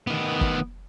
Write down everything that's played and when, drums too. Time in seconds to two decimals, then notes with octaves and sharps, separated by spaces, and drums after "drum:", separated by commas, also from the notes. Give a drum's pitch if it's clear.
0.07 D#3 B3
0.41 drum: kick